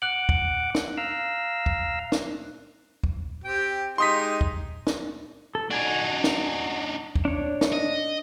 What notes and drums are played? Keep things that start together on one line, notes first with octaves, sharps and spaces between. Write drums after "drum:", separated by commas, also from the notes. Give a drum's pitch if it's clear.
F#5 D6 F#6 F#7
drum: kick
drum: snare
F5 A#5 E6
drum: kick
drum: snare
drum: kick
C4 G4 G5
G#3 D#4 G4 C6 D#6 B6
drum: kick
drum: snare
A4
D4 D#4 F#4 G#5
drum: snare
drum: kick
D4 C#5
drum: snare
D#5